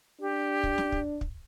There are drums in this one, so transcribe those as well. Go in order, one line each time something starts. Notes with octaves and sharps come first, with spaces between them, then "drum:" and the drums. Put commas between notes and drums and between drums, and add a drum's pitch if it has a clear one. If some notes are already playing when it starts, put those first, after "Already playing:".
D4 G4
drum: kick
drum: snare
drum: kick
drum: kick